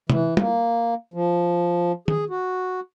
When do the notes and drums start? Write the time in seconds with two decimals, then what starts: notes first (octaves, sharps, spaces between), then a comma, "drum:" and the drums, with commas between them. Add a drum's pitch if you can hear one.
0.10 E3, drum: tom C3
0.37 A#3, drum: tom
1.14 F3
2.08 G#4, drum: tom
2.30 F#4